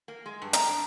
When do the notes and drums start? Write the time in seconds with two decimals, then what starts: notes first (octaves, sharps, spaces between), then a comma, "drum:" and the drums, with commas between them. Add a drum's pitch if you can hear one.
0.08 A#3
0.26 G#3
0.42 G2
0.53 A#5, drum: hi-hat
0.68 D4